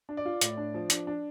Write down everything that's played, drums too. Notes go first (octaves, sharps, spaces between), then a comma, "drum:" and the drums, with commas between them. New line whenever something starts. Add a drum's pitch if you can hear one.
D4
D5
F4
A2, drum: hi-hat
D4
F3
D4, drum: hi-hat
D4